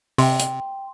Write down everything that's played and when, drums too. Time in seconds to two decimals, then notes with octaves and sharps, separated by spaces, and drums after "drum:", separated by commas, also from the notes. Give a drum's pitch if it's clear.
0.18 C3 G5 C6, drum: open hi-hat
0.40 drum: hi-hat